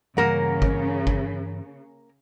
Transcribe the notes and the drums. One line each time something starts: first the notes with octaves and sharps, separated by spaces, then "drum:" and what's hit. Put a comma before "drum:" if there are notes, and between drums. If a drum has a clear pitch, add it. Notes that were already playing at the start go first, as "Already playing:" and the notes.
G2 C#3 E3 G3 A#3 A#4 F#5
drum: kick
drum: kick